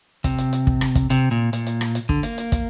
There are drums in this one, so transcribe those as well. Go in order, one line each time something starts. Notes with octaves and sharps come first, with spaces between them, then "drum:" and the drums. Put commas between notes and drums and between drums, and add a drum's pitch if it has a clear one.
C3, drum: kick, hi-hat
drum: hi-hat
drum: hi-hat
drum: kick
drum: rim click
drum: kick, hi-hat
C3, drum: hi-hat
A#2
A#2, drum: hi-hat
drum: hi-hat
drum: rim click
drum: hi-hat
D3, drum: kick
A#3, drum: hi-hat
drum: hi-hat
drum: kick, hi-hat